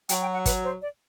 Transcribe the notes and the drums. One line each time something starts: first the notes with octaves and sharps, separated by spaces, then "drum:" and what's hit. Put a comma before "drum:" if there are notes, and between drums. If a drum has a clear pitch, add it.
F#3 G5, drum: hi-hat
G5
F#5
B4, drum: kick, hi-hat
C5
D5